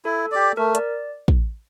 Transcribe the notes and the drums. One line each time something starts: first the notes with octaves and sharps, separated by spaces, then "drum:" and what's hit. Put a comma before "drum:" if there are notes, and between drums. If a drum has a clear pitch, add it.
E4 A4
G4 D5
A3 A#4
D5, drum: hi-hat
drum: kick